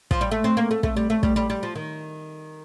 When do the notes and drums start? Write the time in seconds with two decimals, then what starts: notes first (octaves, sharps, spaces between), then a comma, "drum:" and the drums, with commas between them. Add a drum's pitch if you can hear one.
0.11 F3, drum: kick
0.21 G3
0.31 A3
0.44 C4
0.57 A#3
0.71 A3
0.83 A3, drum: kick
0.97 G3
1.10 A3
1.23 G3, drum: kick
1.36 G3
1.50 G3
1.63 F3
1.75 D#3